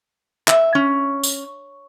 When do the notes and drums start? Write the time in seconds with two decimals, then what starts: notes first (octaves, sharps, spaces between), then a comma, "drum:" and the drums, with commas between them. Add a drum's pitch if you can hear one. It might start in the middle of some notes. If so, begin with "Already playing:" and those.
0.48 E5, drum: clap
0.75 C#4
1.23 drum: tambourine